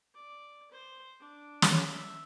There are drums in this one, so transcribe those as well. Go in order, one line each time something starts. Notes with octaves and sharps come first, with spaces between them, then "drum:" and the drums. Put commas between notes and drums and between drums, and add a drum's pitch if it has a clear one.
D5
C5
D4
drum: snare
E5